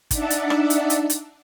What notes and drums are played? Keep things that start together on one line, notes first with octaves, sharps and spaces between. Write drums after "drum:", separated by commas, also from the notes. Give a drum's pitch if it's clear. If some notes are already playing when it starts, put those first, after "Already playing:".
D4 D#4 D5 E5 F#5 A5, drum: kick, hi-hat
drum: hi-hat
drum: rim click
drum: hi-hat
drum: hi-hat
drum: hi-hat